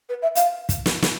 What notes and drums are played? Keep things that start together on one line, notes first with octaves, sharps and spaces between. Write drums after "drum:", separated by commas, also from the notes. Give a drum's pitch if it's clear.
B4
E5
F5, drum: hi-hat
drum: kick, hi-hat
drum: snare
drum: snare